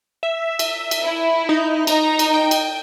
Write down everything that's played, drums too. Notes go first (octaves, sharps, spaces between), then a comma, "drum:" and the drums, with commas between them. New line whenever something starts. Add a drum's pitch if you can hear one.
E5
drum: cymbal
drum: cymbal
E4
D#4
D#4 A#5, drum: cymbal
drum: cymbal
G5
drum: cymbal